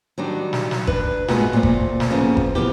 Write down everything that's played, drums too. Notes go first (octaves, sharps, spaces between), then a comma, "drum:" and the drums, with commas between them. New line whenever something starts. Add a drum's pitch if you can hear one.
D#3 F#3 G3 D4
drum: snare
drum: snare
D4 B4, drum: kick F#1
A2 G#3 A#3 B3 F4 F#4, drum: snare
A#2 A3 A#3 C4
drum: kick F#1
drum: snare
F2 C#3 F3 G#3 A#3 B3
drum: kick F#1
C3 F3 B3 E4 G4